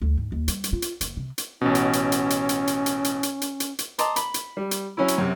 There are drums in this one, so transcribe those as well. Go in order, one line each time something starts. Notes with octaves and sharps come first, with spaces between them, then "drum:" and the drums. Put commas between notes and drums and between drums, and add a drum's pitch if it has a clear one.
D2
G#2
D#2
G3, drum: hi-hat
drum: hi-hat
F4
drum: hi-hat
F#1, drum: hi-hat
C3
drum: hi-hat
A1 B2 C#4
drum: hi-hat
drum: hi-hat
drum: hi-hat
drum: hi-hat
drum: hi-hat
drum: hi-hat
drum: hi-hat
drum: hi-hat
drum: hi-hat
drum: hi-hat
drum: hi-hat
drum: hi-hat
D#5 A5 A#5 C6 D6, drum: hi-hat
B5, drum: hi-hat
drum: hi-hat
G3
drum: hi-hat
F#3 C#4 E4
drum: hi-hat
F#2 C3